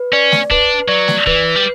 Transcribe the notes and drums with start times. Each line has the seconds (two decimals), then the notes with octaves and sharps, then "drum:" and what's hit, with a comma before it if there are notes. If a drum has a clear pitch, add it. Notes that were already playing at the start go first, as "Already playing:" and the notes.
Already playing: B4
0.13 C#4 D5
0.32 drum: snare
0.51 D4 B4, drum: kick
0.88 F#3 D5
1.08 drum: snare
1.27 E3 B4, drum: kick
1.56 G3